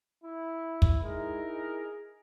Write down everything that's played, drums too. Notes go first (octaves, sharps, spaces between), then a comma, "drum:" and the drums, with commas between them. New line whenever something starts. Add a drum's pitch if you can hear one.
E4
drum: kick
G#3 D#4 E4 A#4
G#4